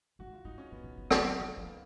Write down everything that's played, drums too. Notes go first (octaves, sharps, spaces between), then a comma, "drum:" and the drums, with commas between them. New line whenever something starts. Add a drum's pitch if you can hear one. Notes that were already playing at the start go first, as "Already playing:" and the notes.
G#2 F#4
F4
G#2 D#4
C#4
A#2 B3
B2
D#3
F3, drum: rim click
F#3 D#4
F3 C#4
A#3
F3
B3